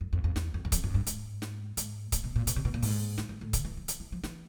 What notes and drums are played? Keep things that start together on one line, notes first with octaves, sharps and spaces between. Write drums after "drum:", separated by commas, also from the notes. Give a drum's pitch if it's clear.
F#2
F2
F2
E2, drum: snare
F2
E2
F2, drum: kick C#1, hi-hat
F#2
G2
G#2, drum: hi-hat
drum: snare
G#2, drum: hi-hat
A2, drum: kick C#1, hi-hat
B2
A#2
B2, drum: hi-hat
C3
B2
A#2
G#2, drum: open hi-hat
G2, drum: snare
G#2
A2
D3, drum: kick C#1, hi-hat
E3
F3
E3, drum: hi-hat
E3
F3
E3, drum: snare